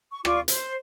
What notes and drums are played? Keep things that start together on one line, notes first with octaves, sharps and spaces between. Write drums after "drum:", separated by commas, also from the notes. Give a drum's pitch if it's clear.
C#6
F4 D5 C#6 D6, drum: rim click
C5, drum: hi-hat